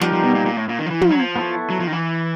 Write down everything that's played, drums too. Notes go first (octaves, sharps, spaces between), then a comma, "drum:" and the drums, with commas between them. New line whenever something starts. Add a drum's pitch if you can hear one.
F3 G3 B3 D#4 G4 A#4, drum: snare
F3
B2
A#2
A#2
A2
A#2
D#3
F3
E3
F3, drum: tom
F#3
F3
B3 E4 A4 C#5
F#3
F3
D#3
E3